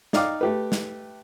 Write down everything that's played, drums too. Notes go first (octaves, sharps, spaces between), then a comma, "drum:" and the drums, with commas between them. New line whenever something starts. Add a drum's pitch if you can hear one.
D#4 D5 F5 G5 D6, drum: snare
A3 G4 B4
drum: snare